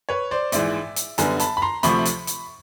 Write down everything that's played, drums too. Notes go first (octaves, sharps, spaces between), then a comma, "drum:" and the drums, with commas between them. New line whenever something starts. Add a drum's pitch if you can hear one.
B4 C#5
C5 D5
A#1 G#2 E3 D5 E5, drum: hi-hat
drum: hi-hat
F#2 D3 G3 B3 G#5 A#5, drum: hi-hat
A5 B5, drum: hi-hat
B5
A#5 C6
D2 C3 F3 A3 B5 C#6, drum: hi-hat
drum: hi-hat
drum: hi-hat